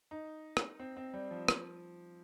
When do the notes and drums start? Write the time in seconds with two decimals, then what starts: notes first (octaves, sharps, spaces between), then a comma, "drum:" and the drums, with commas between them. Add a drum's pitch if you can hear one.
0.11 D#4
0.57 drum: rim click
0.79 C4
0.97 C4
1.14 G3
1.31 F3
1.48 F3, drum: rim click